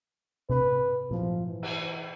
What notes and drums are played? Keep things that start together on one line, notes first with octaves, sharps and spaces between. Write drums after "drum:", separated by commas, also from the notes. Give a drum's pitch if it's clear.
B4, drum: tom C3
F3, drum: tom A#2
E3
drum: cymbal